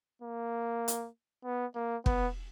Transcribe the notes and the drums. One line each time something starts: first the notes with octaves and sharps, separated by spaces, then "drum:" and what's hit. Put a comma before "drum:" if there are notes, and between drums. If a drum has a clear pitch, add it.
A#3
drum: hi-hat
B3
A#3
B3, drum: kick